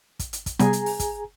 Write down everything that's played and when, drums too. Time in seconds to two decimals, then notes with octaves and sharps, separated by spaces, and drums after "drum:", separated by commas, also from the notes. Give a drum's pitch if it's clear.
0.19 drum: kick, hi-hat
0.33 drum: hi-hat
0.46 drum: kick, hi-hat
0.60 C3 G3 B3 G#4 G#5 A#5, drum: hi-hat
0.73 drum: hi-hat
0.86 drum: open hi-hat
1.00 drum: kick, hi-hat